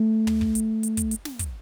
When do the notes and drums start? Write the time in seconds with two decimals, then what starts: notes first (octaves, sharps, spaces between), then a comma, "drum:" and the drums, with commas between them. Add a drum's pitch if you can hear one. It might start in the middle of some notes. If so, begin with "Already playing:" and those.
Already playing: A3
0.27 drum: tom
0.41 drum: kick
0.55 drum: hi-hat
0.83 drum: hi-hat
0.97 drum: kick, hi-hat
1.11 drum: hi-hat
1.25 drum: snare
1.39 drum: kick, hi-hat